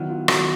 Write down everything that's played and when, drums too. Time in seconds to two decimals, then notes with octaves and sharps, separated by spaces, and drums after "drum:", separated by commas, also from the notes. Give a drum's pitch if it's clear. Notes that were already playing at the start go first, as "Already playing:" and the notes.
Already playing: D#3 F#3 B3 E4
0.10 F4
0.28 F#4, drum: rim click